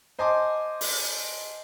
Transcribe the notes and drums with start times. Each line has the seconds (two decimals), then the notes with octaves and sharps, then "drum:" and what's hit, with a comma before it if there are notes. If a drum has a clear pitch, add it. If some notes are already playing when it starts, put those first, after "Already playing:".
0.19 C5 D#5 G#5 A5 C6 D6
0.81 drum: open hi-hat